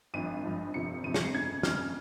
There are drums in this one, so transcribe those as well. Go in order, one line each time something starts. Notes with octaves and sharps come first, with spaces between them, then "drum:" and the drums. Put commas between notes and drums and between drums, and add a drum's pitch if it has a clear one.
G#1 G2 F3 D#7
G#1 G2 F3
G1 F2 C3 F3 C#7
G1 F2 C3 F3 D#7
C#7, drum: snare
C7
G1 F2 C#3 G#6
G1 F2 C#3 F6, drum: snare